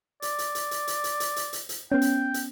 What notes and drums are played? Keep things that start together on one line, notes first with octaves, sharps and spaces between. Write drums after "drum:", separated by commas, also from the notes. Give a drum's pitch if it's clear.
D5, drum: hi-hat
drum: hi-hat
drum: hi-hat
drum: hi-hat
drum: hi-hat
drum: hi-hat
drum: hi-hat
drum: hi-hat
drum: hi-hat
drum: hi-hat
B3 C#4 G5
drum: hi-hat
drum: hi-hat